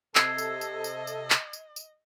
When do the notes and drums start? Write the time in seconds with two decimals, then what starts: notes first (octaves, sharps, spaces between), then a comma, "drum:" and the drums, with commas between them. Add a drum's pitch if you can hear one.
0.15 C3 A4 D#5 E6 G#6 C7, drum: clap
0.38 drum: tambourine
0.61 drum: tambourine
0.84 drum: tambourine
1.07 drum: tambourine
1.30 drum: clap
1.53 drum: tambourine
1.76 drum: tambourine